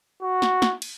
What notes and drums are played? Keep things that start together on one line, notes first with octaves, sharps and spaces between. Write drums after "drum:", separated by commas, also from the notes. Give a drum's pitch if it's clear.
F#4
drum: snare
drum: snare
drum: cymbal